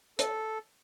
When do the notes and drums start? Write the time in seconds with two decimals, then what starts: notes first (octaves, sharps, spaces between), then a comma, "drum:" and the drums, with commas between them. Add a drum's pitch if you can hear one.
0.19 A4, drum: hi-hat